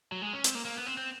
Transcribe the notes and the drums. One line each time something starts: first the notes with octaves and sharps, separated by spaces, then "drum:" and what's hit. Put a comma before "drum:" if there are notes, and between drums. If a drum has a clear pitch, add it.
F#3
G#3
C#4
C4, drum: hi-hat
A#3
A#3
B3
C4
C4